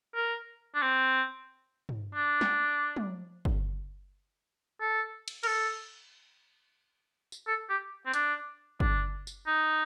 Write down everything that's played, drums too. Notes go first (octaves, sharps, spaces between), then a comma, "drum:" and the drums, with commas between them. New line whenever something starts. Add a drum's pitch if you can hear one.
A#4
D4
C4
drum: tom
D4
drum: snare
drum: tom
drum: kick
A4
drum: cymbal
A#4, drum: cymbal
A4
drum: tambourine
A4
G4
C4
D4, drum: hi-hat
D4, drum: kick
drum: tambourine
D#4